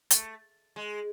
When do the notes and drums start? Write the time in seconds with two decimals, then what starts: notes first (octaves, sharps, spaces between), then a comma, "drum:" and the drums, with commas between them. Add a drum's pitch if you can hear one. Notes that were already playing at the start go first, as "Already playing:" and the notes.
0.11 A3, drum: hi-hat
0.76 G#3